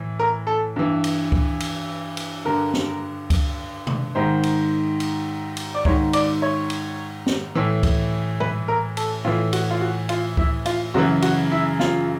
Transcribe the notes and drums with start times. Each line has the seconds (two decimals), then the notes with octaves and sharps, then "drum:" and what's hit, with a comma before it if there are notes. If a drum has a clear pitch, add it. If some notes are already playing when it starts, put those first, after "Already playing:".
Already playing: A2 E3
0.19 A#4
0.47 A4
0.76 G2 E3
1.04 drum: cymbal
1.32 drum: kick C#2
1.60 drum: cymbal
2.17 drum: cymbal
2.45 G2 D3 A#4
2.74 drum: snare
3.30 drum: kick C#2, cymbal
3.87 drum: tom B2
4.15 G#2 D#3 C5
4.43 drum: cymbal
5.00 drum: cymbal
5.57 drum: cymbal
5.74 D5
5.85 G#2 D#3 C#5, drum: kick C#2
6.13 D5, drum: cymbal
6.42 C#5
6.70 drum: cymbal
7.26 drum: snare
7.55 A2 E3
7.83 drum: kick C#2, cymbal
8.40 B4, drum: tom A#2
8.68 A#4
8.97 A4, drum: cymbal
9.25 A2 E3 F4
9.53 F#4, drum: cymbal
9.70 F4
9.81 F#4
10.09 F4, drum: cymbal
10.37 E4, drum: kick C#2
10.66 F4, drum: cymbal
10.94 F#2 C#3 E3 F#4
11.22 F#4, drum: cymbal
11.52 E4
11.80 F4, drum: snare